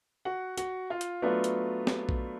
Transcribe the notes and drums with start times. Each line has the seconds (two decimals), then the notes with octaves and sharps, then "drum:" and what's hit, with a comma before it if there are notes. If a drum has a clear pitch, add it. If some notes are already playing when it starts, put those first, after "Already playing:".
0.25 F#4 F#5
0.58 F#4 F#5, drum: hi-hat
0.90 F4 F5
1.01 drum: hi-hat
1.22 F#3 A3 B3 D4 F4 B4
1.44 drum: hi-hat
1.87 drum: snare
2.09 drum: kick A#1